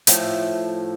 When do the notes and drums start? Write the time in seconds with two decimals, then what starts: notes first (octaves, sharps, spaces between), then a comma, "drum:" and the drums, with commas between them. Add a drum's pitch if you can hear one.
0.07 A2 F3 A3, drum: hi-hat